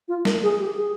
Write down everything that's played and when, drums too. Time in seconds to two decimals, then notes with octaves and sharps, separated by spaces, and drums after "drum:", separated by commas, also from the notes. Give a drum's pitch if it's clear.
0.08 F4
0.25 A#4, drum: snare
0.43 G#4
0.60 G4
0.77 G#4